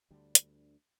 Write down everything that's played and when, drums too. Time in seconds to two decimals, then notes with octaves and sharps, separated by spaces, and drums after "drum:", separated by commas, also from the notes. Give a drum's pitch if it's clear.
0.11 D2 D3 G3 D4
0.35 drum: hi-hat